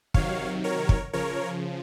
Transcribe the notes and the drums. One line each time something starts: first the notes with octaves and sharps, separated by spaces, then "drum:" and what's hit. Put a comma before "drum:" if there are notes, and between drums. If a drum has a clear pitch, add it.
C3 D#3 F#3 C#5 F5, drum: kick
A#4 C#5
drum: kick
C#3 F3 A#4 C#5